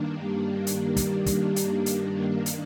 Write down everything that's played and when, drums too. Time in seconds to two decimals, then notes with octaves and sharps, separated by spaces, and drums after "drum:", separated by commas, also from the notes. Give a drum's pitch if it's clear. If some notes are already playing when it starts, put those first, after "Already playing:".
Already playing: G2 D#3 A#3 D4
0.22 G3
0.67 drum: hi-hat
0.96 drum: kick, hi-hat
1.26 drum: kick, hi-hat
1.56 drum: hi-hat
1.86 drum: hi-hat
2.46 drum: hi-hat